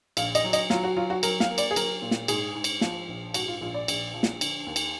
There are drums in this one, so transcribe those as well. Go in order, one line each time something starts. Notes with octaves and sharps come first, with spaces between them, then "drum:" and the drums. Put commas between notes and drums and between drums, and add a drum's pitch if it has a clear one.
A#1 F5, drum: cymbal
D#5, drum: cymbal
F#3
D#5, drum: cymbal
F#3 F4, drum: snare
F#4
F#3 F4
F#4
F#3 A#4, drum: cymbal
F5, drum: snare
A#3
D5, drum: cymbal
G#4
F#3 A#4, drum: cymbal
A#2
drum: snare
G#2 G#4, drum: cymbal
G#2
drum: cymbal
F3, drum: snare
A#1
G#2 F#4, drum: cymbal
F4
A#1 F4
D5
A#1, drum: cymbal
F3
drum: snare
D3, drum: cymbal
D#2
drum: cymbal